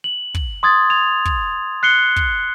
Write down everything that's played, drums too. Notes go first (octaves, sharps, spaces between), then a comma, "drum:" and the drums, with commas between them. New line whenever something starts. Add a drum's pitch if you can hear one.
F#7
drum: kick
C6 D#6 G#6 A6
G#6 F7
drum: kick
F#6 C7 C#7 G7
drum: kick